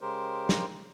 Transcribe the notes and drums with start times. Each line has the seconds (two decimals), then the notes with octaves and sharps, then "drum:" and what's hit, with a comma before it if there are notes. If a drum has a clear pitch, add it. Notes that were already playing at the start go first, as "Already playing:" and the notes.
0.01 C#3 G#3 G4 A#4 C5
0.49 drum: snare